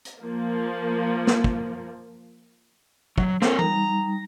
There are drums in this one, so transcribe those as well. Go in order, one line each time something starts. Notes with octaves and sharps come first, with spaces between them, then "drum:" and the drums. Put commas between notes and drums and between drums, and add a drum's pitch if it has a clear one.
drum: hi-hat
F3 A#3
drum: snare
drum: kick
F#3, drum: kick
C4 A4 A#4 C#5, drum: snare
G3 D#4 A#5, drum: tom